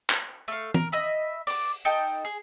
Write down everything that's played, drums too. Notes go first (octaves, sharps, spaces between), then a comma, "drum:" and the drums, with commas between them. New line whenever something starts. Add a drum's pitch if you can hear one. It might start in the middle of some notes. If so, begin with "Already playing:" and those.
drum: clap
A3 F5
A#4, drum: tom
D#5 E5 B5
D5 D6, drum: open hi-hat
D#4 A4 G5
G#4